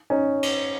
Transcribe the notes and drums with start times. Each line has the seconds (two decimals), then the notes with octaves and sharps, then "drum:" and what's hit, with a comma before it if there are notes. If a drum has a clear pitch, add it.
0.10 C#4 D#4
0.43 drum: cymbal